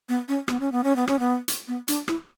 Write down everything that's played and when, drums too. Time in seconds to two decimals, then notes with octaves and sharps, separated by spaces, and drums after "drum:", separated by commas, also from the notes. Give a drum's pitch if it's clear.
0.09 B3
0.28 C#4
0.48 B3, drum: rim click
0.60 C#4
0.72 B3
0.84 C#4
0.96 B3
1.07 C#4, drum: rim click
1.19 B3
1.48 drum: hi-hat
1.68 B3
1.88 D4, drum: hi-hat
2.08 E4, drum: rim click